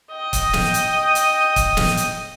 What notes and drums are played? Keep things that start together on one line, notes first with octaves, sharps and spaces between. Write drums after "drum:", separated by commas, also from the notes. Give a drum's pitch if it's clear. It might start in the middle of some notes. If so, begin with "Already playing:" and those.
D#5 G5
drum: kick C#1, hi-hat
drum: snare
drum: hi-hat
drum: hi-hat
drum: kick C#1, hi-hat
drum: snare
drum: hi-hat